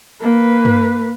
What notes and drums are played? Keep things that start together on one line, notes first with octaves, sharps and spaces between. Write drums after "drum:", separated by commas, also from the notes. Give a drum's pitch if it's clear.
A#3 B4
drum: tom G2